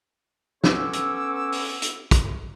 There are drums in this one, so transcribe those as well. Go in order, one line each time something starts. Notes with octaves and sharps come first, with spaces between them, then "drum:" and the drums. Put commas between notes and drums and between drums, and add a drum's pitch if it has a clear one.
B3 C#4 A4 C#5 D6 E6, drum: snare
drum: hi-hat
drum: open hi-hat
drum: hi-hat
drum: kick, hi-hat